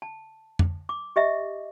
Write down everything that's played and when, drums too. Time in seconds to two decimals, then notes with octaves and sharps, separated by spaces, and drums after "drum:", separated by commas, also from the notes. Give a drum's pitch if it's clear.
0.02 A5
0.59 drum: tom F2
0.89 D6
1.16 G4 D#5 E5